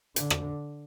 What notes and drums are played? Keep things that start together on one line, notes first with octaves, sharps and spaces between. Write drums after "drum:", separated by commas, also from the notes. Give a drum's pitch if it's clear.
D3, drum: hi-hat
drum: rim click